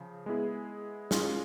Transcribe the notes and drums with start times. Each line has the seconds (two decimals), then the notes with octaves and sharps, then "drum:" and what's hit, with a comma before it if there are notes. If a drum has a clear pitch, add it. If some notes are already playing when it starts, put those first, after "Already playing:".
Already playing: C#3 F3
0.26 G#3 B3 E4 G#4
1.11 G#3 C#4 F4, drum: snare